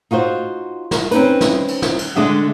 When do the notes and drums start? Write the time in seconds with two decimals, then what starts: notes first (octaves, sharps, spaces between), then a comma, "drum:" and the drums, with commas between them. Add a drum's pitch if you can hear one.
0.11 D#4 F4 F#4 C5
0.91 drum: snare
1.11 C4 C#4 D#4 B4, drum: hi-hat
1.41 drum: snare
1.68 drum: cymbal
1.82 drum: snare
1.99 drum: cymbal
2.15 D3 G#3 D4 D#5 E5 F#5